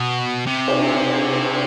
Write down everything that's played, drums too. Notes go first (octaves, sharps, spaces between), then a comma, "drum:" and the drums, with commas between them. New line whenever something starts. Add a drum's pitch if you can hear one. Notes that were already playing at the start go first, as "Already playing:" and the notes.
Already playing: B2
C3
drum: cymbal